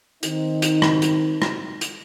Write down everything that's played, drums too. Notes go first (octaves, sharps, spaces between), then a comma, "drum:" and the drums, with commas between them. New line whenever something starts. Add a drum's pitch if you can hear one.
D#3 C4 D#4, drum: hi-hat
drum: hi-hat
drum: rim click
drum: hi-hat
drum: rim click
drum: hi-hat